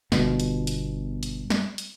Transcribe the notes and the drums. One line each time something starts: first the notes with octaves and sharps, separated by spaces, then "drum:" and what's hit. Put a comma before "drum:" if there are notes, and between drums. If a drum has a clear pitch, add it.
G1 B2, drum: snare
drum: hi-hat
drum: hi-hat
drum: hi-hat
drum: snare
drum: hi-hat